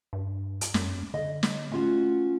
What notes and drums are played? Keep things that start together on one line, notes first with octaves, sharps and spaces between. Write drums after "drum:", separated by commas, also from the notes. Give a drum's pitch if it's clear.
G2
drum: hi-hat
F#2, drum: snare
D3 D#5
drum: snare
A3 C#4 F4 F#4